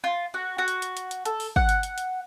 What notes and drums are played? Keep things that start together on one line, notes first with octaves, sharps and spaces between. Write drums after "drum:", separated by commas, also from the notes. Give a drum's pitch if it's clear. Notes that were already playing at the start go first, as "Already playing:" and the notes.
F4
F#4
F#4
drum: hi-hat
drum: hi-hat
drum: hi-hat
drum: hi-hat
A4, drum: hi-hat
drum: open hi-hat
F#5, drum: kick
drum: hi-hat
drum: hi-hat
drum: hi-hat